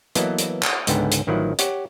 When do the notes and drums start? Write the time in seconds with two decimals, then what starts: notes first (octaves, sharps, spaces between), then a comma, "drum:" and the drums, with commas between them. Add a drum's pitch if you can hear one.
0.15 E3 F#3 A#3 B3 A4 D#5, drum: hi-hat
0.39 drum: hi-hat
0.63 drum: clap
0.87 C#2 G#2 D3 B3 G5, drum: hi-hat
1.12 drum: hi-hat
1.27 A1 D#3 F3 F#3 E4 F#5
1.59 G4 C#5 F#5, drum: hi-hat